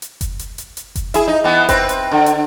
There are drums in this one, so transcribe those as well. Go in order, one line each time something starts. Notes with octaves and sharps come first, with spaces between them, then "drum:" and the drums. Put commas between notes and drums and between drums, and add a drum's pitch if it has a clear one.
drum: hi-hat
drum: kick F#1, hi-hat
drum: hi-hat
drum: hi-hat
drum: hi-hat
drum: kick F#1, hi-hat
E4 G#4, drum: hi-hat
D#4
E3 B3
C4 B4, drum: kick F#1, hi-hat
drum: hi-hat
D3
drum: hi-hat